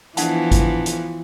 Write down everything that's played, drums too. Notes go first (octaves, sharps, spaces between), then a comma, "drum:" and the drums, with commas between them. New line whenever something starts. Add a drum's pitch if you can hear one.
E3 F3 B3 D4 F#5 A5, drum: hi-hat
drum: kick G#1, hi-hat
drum: hi-hat